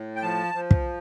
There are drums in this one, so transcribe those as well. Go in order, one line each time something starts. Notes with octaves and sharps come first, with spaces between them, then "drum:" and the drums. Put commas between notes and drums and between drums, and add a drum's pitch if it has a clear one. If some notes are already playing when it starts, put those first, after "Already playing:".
Already playing: A2
G5
F3 A5
F3
drum: kick